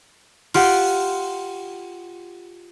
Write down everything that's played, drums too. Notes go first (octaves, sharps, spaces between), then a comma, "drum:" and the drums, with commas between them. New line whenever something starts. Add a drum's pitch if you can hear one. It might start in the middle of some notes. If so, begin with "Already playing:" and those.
F4 G4 F#5, drum: open hi-hat